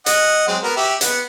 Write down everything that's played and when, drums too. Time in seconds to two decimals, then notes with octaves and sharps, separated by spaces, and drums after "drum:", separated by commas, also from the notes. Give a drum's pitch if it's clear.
0.06 D#5 F#5, drum: hi-hat
0.48 F#3 G#3 C4
0.63 B3 F#4 A#4
0.77 F#4 G4 E5
1.01 B3 F#5, drum: hi-hat